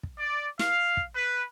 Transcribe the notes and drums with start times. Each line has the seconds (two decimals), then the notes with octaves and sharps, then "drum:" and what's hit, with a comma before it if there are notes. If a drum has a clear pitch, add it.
0.03 drum: kick
0.19 D5
0.59 F5, drum: snare
0.97 drum: kick
1.15 B4